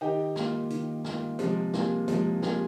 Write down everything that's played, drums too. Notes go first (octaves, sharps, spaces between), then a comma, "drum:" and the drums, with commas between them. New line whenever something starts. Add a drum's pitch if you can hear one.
D#3 D#4 G4
A#3 F4, drum: snare
D#3, drum: hi-hat
A#3 F4, drum: snare
C3 F3 G#3, drum: hi-hat
G3 A#3 F4 G#4, drum: snare
C3 F3 G#3, drum: hi-hat
G3 A#3 F4 G#4, drum: snare